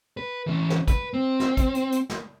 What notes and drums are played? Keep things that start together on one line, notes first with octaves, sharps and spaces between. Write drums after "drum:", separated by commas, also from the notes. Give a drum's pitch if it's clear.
B4
E3 C#4
drum: snare
B4, drum: kick, hi-hat
C4
drum: snare
drum: kick, hi-hat
drum: hi-hat
drum: hi-hat
drum: snare